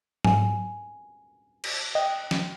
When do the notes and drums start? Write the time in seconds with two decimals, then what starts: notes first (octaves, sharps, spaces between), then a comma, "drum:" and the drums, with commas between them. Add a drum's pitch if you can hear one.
0.25 F#3 G#5, drum: tom G#2
1.64 drum: cymbal
1.95 D#5 G5
2.31 drum: snare